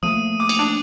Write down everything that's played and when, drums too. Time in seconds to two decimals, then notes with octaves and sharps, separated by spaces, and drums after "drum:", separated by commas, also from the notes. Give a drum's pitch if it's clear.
0.03 F3 A3 A#3 D#6 D#7
0.40 D6
0.49 drum: cymbal
0.59 D4